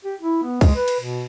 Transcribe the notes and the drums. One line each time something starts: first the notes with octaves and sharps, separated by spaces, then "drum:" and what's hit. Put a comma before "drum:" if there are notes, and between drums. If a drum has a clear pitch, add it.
G4
E4
B3
G#3, drum: kick, cymbal
B4
drum: cymbal
B2